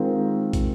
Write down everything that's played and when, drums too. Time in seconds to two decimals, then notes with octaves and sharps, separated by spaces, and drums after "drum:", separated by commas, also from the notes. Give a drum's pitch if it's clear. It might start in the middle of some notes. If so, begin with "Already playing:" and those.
Already playing: D#3 G#3 C4 F4 A#4
0.53 drum: kick, hi-hat